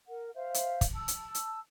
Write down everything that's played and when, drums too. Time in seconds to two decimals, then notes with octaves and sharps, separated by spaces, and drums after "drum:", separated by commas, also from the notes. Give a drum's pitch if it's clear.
0.07 A#4 F#5
0.35 C5 E5 F5
0.54 drum: hi-hat
0.81 drum: kick, hi-hat
0.94 A5 E6
1.08 drum: hi-hat
1.35 drum: hi-hat